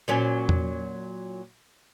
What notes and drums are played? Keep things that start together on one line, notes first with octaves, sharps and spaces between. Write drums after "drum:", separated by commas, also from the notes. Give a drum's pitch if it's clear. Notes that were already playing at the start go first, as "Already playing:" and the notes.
A#2 F#3 C#4
drum: tom E2